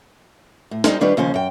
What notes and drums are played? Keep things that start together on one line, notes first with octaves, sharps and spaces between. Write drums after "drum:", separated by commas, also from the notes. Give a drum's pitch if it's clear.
A2
G3 D#4 C5, drum: snare
D#3 G3 D4 F4 B4 C#5
D#2 C#3 F3 C#4 C5
F#2 G5